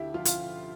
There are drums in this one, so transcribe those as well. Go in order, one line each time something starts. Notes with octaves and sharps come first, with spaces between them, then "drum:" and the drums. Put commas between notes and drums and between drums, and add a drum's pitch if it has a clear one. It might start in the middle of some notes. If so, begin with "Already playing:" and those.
Already playing: D2 E4 G4
F3 F4
F4, drum: hi-hat